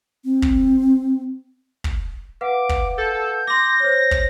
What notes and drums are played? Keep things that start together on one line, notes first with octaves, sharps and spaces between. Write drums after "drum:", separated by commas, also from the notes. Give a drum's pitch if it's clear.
C4
drum: kick
drum: kick
B4 F5 F#5 D6
drum: kick
A4 G6
C6 D6 A#6
C5 C#5
drum: kick